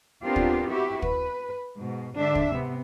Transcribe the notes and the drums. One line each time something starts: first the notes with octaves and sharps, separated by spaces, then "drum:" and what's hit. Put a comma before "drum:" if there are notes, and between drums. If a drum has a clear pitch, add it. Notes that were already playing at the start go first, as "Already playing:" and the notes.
B3 C4 D4 F4 G4 A#4
drum: kick
E4 F#4 G4 E5
B4, drum: kick
G#2 B2
G#2 D3 D4 E5
drum: kick
C3 B3